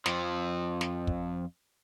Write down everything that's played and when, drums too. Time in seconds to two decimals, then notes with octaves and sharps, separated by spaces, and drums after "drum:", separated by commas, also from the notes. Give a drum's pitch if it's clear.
0.06 F2 F3, drum: snare
0.81 drum: snare
1.07 drum: kick